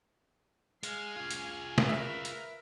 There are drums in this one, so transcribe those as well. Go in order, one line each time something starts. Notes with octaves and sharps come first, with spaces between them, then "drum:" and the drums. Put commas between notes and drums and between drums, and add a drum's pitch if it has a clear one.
G#3 F5 G#5, drum: hi-hat
F4 G#4
drum: hi-hat
drum: snare
A#4 B4 E5
drum: hi-hat